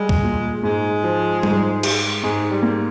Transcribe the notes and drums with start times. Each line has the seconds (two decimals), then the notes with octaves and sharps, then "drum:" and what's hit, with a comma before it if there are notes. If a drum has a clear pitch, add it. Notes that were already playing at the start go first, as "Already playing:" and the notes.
Already playing: G3 G#3
0.09 drum: kick D2
0.23 A#2
0.63 G#2 G#3
1.03 F3
1.43 G#2, drum: tom G3
1.83 G4, drum: cymbal
2.23 G#2 G#3
2.51 G3
2.63 A#3